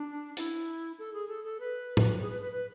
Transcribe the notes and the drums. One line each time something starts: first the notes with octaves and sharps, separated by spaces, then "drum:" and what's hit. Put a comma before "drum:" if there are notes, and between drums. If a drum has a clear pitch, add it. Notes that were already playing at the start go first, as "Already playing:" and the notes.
Already playing: D4
E4, drum: hi-hat
A4
G#4
A4
A4
B4
drum: tom
G#4
B4
B4
B4